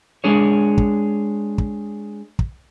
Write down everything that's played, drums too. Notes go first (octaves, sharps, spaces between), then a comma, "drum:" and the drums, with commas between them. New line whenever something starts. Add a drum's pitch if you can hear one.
G#3 D4 G#4 C#5
drum: kick
drum: kick
drum: kick